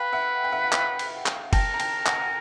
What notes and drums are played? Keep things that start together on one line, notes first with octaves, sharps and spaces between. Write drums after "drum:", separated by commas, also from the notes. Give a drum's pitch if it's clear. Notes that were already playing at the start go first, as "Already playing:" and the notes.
Already playing: B4 F5 G5
E5 F#5
G5
E5 F#5
F#5
F5 G5, drum: clap
drum: cymbal
drum: clap
A#4 G5 A5, drum: kick F#1, cymbal
A#5
G5 A5, drum: cymbal
F#5 G#5, drum: clap
F#5